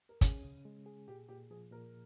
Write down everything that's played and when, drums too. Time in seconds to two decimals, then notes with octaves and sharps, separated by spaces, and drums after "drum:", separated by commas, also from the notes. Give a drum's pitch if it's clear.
0.09 A#4
0.21 C#4 G#4, drum: kick, hi-hat
0.43 C#3
0.65 G#3
0.86 G#4
1.08 A#2 G4
1.29 A#2 G4
1.51 F3 G#4
1.71 A#2 A#4